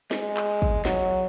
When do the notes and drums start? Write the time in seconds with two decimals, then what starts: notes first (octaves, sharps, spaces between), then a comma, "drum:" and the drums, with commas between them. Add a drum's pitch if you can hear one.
0.11 G#3, drum: snare
0.37 drum: clap
0.62 drum: kick
0.85 F#3, drum: snare